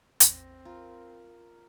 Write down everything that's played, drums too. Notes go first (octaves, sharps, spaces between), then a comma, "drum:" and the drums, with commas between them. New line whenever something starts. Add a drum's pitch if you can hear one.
A1 E2 C4 A#6, drum: hi-hat
F4 A#4